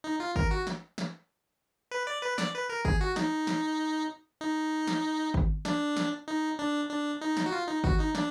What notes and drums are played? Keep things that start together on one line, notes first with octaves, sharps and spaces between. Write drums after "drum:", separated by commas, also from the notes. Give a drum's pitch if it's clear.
D#4
F4
A#4, drum: kick G#1
F#4
drum: snare
drum: snare
B4
D5
B4
D5, drum: snare
B4
A#4
G#4, drum: kick G#1
F#4
D#4, drum: snare
drum: snare
D#4
drum: snare
drum: kick G#1
D4, drum: snare
drum: snare
D#4
D4
D4
D#4
drum: snare
F#4
F4
D#4
F#4, drum: kick G#1
D#4
D4, drum: snare